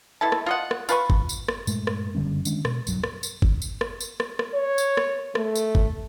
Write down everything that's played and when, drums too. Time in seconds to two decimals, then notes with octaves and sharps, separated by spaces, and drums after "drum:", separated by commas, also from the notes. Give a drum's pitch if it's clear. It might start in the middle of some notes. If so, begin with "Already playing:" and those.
0.21 B2 E4 A4 A5
0.32 drum: rim click
0.46 F4 D#5 F#5
0.71 drum: rim click
0.89 F4 B4 A5 C#6, drum: tambourine
1.10 drum: kick G1
1.29 drum: tambourine
1.48 drum: rim click
1.67 G2 A#2 G#3 A3, drum: tambourine
1.87 drum: rim click
2.15 F#1 D3 G3 C#4
2.45 D#3 G#3 C#4 D4, drum: tambourine
2.65 B2, drum: rim click
2.87 D1 B1 G2 F#3, drum: tambourine
3.04 drum: rim click
3.23 drum: tambourine
3.42 drum: kick G1
3.62 drum: tambourine
3.81 drum: rim click
4.00 drum: tambourine
4.20 drum: rim click
4.39 drum: rim click
4.54 C#5
4.78 drum: tambourine
4.97 drum: rim click
5.35 A3, drum: rim click
5.56 drum: tambourine
5.75 drum: kick G1